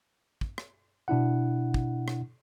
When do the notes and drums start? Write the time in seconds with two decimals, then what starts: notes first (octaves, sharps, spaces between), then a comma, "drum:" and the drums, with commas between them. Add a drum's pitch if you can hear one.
0.41 drum: kick
0.58 drum: rim click
1.08 B2 D4 E4 F#5
1.74 drum: kick
2.08 drum: rim click